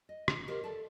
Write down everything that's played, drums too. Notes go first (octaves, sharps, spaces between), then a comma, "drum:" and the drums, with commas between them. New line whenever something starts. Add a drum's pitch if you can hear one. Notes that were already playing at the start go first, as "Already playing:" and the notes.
D#5
drum: rim click
G4 A#4 C5 D#5 F5
A4 D5 E5 A5